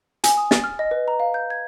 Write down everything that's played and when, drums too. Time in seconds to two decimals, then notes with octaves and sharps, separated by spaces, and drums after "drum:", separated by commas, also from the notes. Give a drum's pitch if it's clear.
0.24 G#5, drum: hi-hat
0.37 D#6
0.51 A6, drum: snare
0.64 F6
0.79 D#5
0.91 B4
1.08 A#5
1.20 F5
1.34 G6
1.50 G#6